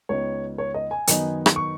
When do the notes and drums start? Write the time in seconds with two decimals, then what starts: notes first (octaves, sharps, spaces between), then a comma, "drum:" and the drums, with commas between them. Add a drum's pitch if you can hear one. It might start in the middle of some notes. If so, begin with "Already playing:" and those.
0.09 C#2 C#3 B3 D#4 C#5
0.58 C#5
0.74 D#5
0.91 G#5
1.07 F#2 D#3 B3 D#4, drum: hi-hat
1.46 drum: rim click
1.56 C#6